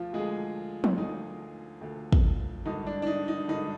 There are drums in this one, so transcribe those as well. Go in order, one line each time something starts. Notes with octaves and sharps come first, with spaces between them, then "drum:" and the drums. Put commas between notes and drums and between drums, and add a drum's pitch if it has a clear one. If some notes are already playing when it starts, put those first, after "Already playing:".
Already playing: D2 F3 F4
D2 D3 G#3 G#4
drum: tom F3
D2 D3 D#4
D2 D3
drum: kick
G#1 G2 D3 D#4
D4
D4
D#4
D#4
G#1 G2 D3 D#4